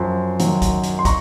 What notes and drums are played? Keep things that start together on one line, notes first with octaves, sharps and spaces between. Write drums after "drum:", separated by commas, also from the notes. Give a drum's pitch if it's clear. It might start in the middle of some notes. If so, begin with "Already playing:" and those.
Already playing: F#2 F3 C6
F#2 D#3 F#3, drum: hi-hat
drum: kick, hi-hat
drum: hi-hat
C6
A#5 C#6, drum: kick, hi-hat